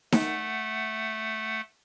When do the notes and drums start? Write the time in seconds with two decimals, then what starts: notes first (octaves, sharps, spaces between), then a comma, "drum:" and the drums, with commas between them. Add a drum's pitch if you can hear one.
0.12 A3 F#5, drum: snare D#4